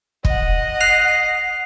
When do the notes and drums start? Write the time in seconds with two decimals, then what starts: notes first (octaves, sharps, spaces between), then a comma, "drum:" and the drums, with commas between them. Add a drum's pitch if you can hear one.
0.25 D#5 F#5, drum: kick
0.80 F#6 C7 F7